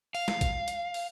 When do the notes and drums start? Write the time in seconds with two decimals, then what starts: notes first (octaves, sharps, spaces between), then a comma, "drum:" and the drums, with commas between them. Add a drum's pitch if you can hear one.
0.15 F5, drum: open hi-hat
0.28 drum: snare
0.41 drum: kick, hi-hat
0.68 drum: hi-hat
0.94 drum: open hi-hat